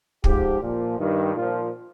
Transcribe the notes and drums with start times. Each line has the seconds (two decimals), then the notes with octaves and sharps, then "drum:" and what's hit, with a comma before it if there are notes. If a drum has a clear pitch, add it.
0.24 G#2 F3 G4, drum: kick
0.61 A#2 F3
0.98 G2 D#3
1.35 A#2 F3 F4